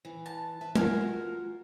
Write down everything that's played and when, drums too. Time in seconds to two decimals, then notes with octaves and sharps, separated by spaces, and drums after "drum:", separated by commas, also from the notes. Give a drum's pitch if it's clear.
0.05 E3
0.26 A5
0.61 B4 E5
0.75 F4 F#4 A#4 G#5, drum: tom